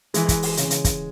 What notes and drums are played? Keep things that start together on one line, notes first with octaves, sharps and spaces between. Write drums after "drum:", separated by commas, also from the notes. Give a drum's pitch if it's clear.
E3 G#3, drum: hi-hat
drum: kick, hi-hat
drum: open hi-hat
C#3, drum: hi-hat
drum: hi-hat
drum: kick, hi-hat